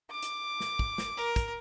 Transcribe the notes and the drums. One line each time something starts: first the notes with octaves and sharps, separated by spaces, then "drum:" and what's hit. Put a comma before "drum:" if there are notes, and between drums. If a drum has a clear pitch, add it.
D6
drum: hi-hat
drum: snare
drum: kick
drum: snare
A#4
drum: kick, hi-hat